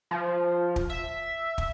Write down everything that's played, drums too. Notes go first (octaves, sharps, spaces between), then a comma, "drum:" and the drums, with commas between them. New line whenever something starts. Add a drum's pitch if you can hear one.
F3
drum: kick
E5
drum: kick